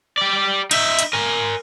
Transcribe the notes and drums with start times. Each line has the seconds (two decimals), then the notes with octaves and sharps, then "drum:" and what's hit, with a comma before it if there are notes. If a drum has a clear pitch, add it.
0.18 G4 D5
0.71 D#4 E5, drum: cymbal
0.99 drum: hi-hat
1.13 A#4 G#5